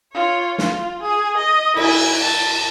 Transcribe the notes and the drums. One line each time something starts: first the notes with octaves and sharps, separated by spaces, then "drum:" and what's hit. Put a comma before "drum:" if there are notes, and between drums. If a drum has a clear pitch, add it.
F4 C#5
F4, drum: snare
G#4
D#5
E4 G#5, drum: cymbal
A5